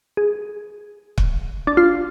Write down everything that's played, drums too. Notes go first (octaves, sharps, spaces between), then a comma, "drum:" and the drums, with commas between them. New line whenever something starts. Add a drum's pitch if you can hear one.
G#4
drum: kick
D4
F4